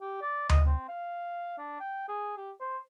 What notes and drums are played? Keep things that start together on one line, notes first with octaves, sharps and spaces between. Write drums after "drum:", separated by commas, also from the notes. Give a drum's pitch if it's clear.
G4
D5
D#5, drum: tom D2
C4
F5
D4
G5
G#4
G4
C5